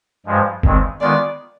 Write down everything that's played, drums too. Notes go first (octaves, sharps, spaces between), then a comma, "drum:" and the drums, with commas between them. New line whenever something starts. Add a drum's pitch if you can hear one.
G2 F3 G#3
G2 D#3 G#3 C4, drum: kick F#1
D#3 G#3 B3 F4 D5